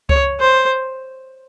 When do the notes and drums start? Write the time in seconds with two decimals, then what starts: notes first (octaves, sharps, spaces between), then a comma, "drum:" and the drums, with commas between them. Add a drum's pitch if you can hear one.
0.09 C#5, drum: kick C#2
0.40 C5